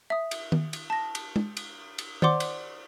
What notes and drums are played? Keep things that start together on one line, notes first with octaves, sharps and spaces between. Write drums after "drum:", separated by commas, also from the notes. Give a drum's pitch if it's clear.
E5 D#6
drum: cymbal
drum: tom D#3
drum: cymbal
A5 A#6
drum: cymbal
drum: tom G#3
drum: cymbal
drum: cymbal
C5 D5 F#5 C6 D6, drum: tom D#3
drum: cymbal